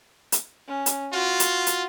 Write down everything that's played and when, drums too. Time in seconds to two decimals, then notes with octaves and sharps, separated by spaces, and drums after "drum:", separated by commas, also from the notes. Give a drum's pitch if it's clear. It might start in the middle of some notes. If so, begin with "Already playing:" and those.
0.32 drum: hi-hat
0.68 C#4
0.86 drum: hi-hat
1.13 F4 F#4
1.40 drum: hi-hat
1.67 drum: hi-hat